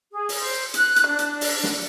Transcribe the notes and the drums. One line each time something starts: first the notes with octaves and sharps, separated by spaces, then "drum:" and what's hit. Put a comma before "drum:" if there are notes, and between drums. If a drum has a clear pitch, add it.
G#4
drum: open hi-hat
C5
F#6, drum: hi-hat
drum: hi-hat
D4
drum: hi-hat
drum: open hi-hat
drum: snare